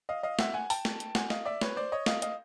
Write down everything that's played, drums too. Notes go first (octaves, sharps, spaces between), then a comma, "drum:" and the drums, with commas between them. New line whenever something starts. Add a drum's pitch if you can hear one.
D#5 F5
D#5 F5
E5 F#5, drum: snare
F#5 G#5
G5 A5, drum: open hi-hat
drum: snare
drum: hi-hat
F#5 G#5, drum: snare
D#5 F5, drum: snare
D5 E5
B4 C#5, drum: snare
C5 D5
C#5 D#5
D#5 F5, drum: snare
D#5 F5, drum: hi-hat